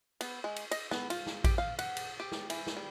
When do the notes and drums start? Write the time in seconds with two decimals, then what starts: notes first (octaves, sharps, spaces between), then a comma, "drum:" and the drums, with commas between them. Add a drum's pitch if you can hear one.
0.21 B3, drum: cymbal
0.44 G#3
0.56 drum: cymbal
0.71 D#5, drum: cymbal
0.91 B3, drum: snare
1.10 F4, drum: cymbal
1.26 drum: snare
1.44 G4, drum: kick A1, cymbal
1.58 F5
1.79 F#5, drum: cymbal
1.97 drum: cymbal
2.20 G4
2.32 drum: snare
2.50 E3, drum: cymbal
2.67 drum: snare
2.77 G3